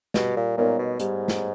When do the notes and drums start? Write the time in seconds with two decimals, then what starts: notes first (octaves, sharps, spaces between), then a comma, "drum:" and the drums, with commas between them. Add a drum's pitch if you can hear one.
0.14 B2 G3, drum: snare
0.36 A#2
0.57 A#2 B3 D#4 A#4 C#5
0.78 B2
1.00 G#2 G3, drum: hi-hat
1.28 drum: snare